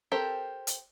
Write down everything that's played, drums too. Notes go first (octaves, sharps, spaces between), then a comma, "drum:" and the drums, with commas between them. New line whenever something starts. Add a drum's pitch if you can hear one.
C4 G4 A4 A#4 C5
drum: hi-hat